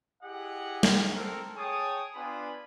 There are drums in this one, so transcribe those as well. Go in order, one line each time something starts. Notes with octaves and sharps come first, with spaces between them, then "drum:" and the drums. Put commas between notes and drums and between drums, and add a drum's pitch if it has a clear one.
E4 G4 G#4 D#5 F#5
drum: snare
C4 A4 A#4
G#4 C#5 G5 A5 D#6
B3 D4 F4 B4 G#5 B5